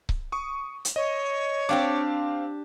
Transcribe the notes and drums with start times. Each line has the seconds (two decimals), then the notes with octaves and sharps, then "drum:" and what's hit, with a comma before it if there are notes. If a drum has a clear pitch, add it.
0.09 drum: kick C#1
0.32 C#6 D#6
0.85 drum: hi-hat
0.96 C#5 D#5
1.69 C4 D4 G4 F5 G5 D6